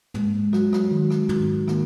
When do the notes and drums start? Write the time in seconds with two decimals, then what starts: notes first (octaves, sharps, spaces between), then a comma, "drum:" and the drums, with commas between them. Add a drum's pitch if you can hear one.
0.14 G#3 A#3, drum: tom
0.53 F#3 F#4, drum: rim click
0.73 F#3, drum: rim click
0.91 D#3 G#3
1.10 drum: rim click
1.29 D#3 F#4, drum: tom
1.68 D#3 A#3, drum: rim click